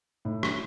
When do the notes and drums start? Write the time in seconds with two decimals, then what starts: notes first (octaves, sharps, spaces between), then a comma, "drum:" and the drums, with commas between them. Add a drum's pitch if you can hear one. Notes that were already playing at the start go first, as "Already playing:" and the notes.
0.25 A2
0.43 drum: rim click